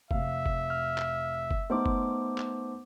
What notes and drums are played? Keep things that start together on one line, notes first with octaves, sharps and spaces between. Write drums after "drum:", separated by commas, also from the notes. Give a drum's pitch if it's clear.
F1 E5 F5, drum: kick F#1
drum: kick F#1
F6
drum: clap
drum: kick F#1
A3 B3 D#4 C5 D6
drum: kick F#1
drum: clap